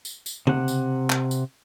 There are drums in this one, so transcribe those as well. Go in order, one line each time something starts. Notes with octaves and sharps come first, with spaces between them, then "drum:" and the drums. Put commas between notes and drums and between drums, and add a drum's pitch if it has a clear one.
drum: tambourine
drum: tambourine
C3 F#5, drum: tom C#3
drum: tambourine
drum: clap
drum: tambourine